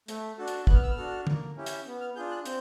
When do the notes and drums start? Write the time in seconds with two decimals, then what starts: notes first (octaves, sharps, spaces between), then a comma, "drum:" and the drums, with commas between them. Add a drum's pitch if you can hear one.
0.08 A3, drum: hi-hat
0.38 D4 F#4 A4
0.48 drum: hi-hat
0.67 B3 F#6, drum: kick
0.75 F6
0.83 E6
0.90 F6
0.97 D4 F#4 A4
1.27 A#3, drum: tom
1.57 C#4 E4 G4
1.66 drum: hi-hat
1.86 B3
2.01 F6
2.16 D4 F4 G#4 G6
2.31 F#6
2.46 C4 G6, drum: hi-hat